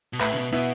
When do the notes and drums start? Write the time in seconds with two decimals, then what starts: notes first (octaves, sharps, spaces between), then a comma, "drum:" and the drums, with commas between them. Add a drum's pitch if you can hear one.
0.13 B2
0.20 A2 B4 E5, drum: clap
0.32 C#3
0.37 B2
0.52 B2 B3 E4